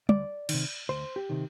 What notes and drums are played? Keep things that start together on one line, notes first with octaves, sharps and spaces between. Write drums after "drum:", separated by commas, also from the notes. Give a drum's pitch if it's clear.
D2 D5, drum: tom
C3 D#3, drum: cymbal
D2 C5
G4
C3 D#3